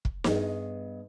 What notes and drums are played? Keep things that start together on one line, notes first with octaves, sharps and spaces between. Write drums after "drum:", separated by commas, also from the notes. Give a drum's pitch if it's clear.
drum: kick
G2 B3 G#4 D#5, drum: snare